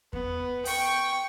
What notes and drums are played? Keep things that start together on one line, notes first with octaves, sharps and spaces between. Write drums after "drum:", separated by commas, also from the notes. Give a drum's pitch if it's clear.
B3, drum: kick E2
G5 C#6, drum: open hi-hat